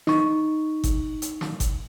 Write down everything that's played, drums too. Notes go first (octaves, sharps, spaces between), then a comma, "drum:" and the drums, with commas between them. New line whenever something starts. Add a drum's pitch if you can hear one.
D#4 C#6, drum: snare
drum: kick G1, hi-hat
drum: hi-hat
drum: snare
drum: kick G1, hi-hat